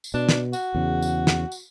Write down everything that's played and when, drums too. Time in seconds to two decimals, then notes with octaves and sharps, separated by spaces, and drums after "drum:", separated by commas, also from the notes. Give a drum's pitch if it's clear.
0.04 drum: tambourine
0.14 B2 D4
0.29 drum: snare
0.53 F#4, drum: tambourine
0.75 E2 C#3
1.02 drum: tambourine
1.27 drum: snare
1.52 drum: tambourine